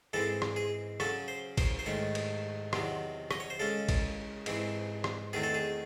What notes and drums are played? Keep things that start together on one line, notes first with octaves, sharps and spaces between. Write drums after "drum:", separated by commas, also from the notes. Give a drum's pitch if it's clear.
G#2 E3 G#3 C4 A4
drum: rim click
G#4
C#3 F#3 C#4 A4, drum: rim click
C5
C5, drum: kick, cymbal
C5
G#2 D#3 A3 C#5
drum: cymbal
E2 C3 D#3 F#3, drum: rim click
D#5, drum: rim click
C#5
C5
C#3 G#3 C#4 A4
drum: kick, cymbal
G#2 E3 C4, drum: cymbal
drum: rim click
E2 D#3 A3 C4 G#4
A4
G#4